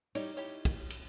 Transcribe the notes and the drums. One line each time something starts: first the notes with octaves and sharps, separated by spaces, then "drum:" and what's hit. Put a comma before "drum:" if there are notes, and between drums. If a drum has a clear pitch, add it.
G3 D#4 C#5, drum: cymbal
E4 G4 C#5
drum: kick, cymbal
drum: cymbal